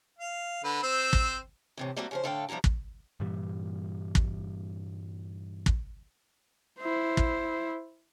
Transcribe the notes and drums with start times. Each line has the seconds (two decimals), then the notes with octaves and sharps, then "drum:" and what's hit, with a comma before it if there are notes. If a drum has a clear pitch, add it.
0.18 F5
0.64 D3 B4
0.83 C4 C5 E6
1.13 drum: kick
1.77 A2 C3 E3
1.96 G3 A3 A#3 C4 F#4 D5
2.11 C#3 F3 C5
2.24 A2 D3 A4 F5 G5
2.49 F3 G3 B3 E4 A#5
2.64 drum: kick
3.20 G2 A#2 E3 G3
4.15 drum: kick
5.66 drum: kick
6.80 E4 C5
7.17 drum: kick